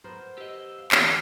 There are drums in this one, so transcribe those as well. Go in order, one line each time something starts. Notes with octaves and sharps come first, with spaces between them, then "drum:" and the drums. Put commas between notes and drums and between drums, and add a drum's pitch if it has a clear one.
B3 A#4 C5
G4 D#5 E6
F5
D3 E3 F4 G4, drum: clap